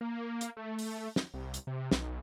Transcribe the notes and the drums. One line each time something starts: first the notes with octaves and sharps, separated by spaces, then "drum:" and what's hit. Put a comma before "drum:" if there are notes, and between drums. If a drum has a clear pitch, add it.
A#3
drum: hi-hat
A3
drum: open hi-hat
drum: snare
C2
drum: hi-hat
C3
B1, drum: snare